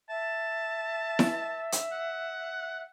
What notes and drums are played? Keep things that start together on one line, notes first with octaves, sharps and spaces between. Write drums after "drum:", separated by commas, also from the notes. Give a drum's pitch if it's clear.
E5 A5
drum: snare E4
drum: hi-hat
F#5